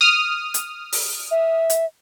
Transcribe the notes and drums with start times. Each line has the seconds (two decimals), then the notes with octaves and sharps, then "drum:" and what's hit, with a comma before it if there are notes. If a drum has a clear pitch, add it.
0.01 D#6 F6
0.54 drum: hi-hat
0.93 drum: open hi-hat
1.31 E5
1.70 drum: hi-hat